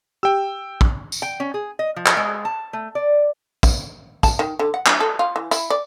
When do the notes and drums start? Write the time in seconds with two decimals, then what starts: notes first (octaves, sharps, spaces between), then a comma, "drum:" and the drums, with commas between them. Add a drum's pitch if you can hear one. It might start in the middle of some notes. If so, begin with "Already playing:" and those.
0.23 G4 G5 E6
0.81 drum: kick
1.12 drum: tambourine
1.22 G5
1.40 C#4
1.54 G#4
1.79 D#5
1.96 F3
2.06 drum: clap
2.17 G#3
2.45 A5
2.73 A3
2.95 D5
3.63 drum: kick, tambourine
4.23 A5, drum: kick, tambourine
4.39 D#3
4.59 D3
4.74 F#5
4.86 D4, drum: clap
5.00 A4
5.19 F4
5.36 E3
5.51 E4, drum: tambourine
5.70 D5